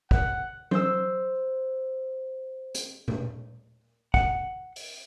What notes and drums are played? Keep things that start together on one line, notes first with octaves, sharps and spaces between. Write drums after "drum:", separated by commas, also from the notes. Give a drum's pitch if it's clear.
F#5, drum: kick
C5 E6, drum: tom F#3
drum: hi-hat
drum: tom A#2
F#5, drum: kick
drum: open hi-hat